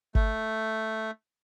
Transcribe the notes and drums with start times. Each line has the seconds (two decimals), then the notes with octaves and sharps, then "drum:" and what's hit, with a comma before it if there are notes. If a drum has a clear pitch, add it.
0.15 A3, drum: kick G#1